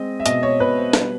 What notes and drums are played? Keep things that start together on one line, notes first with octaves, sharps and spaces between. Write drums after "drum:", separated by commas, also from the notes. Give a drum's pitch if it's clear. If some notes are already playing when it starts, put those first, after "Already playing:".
Already playing: G#3 C4 D#5
E5
B2 D#5, drum: hi-hat
C#5
B2 B4
C5
G3 B4, drum: snare